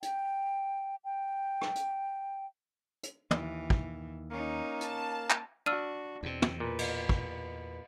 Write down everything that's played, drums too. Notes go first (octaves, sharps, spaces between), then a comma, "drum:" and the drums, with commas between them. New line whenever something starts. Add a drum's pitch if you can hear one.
G5, drum: hi-hat
G5
drum: rim click
drum: hi-hat
drum: hi-hat
D#2 E3, drum: tom
drum: kick
A#3 C#4 D#4
A5, drum: hi-hat
drum: clap
D4 F#4 E6 F6 D#7
E2 B2 C4
drum: tom
A#2 B4
drum: cymbal
drum: kick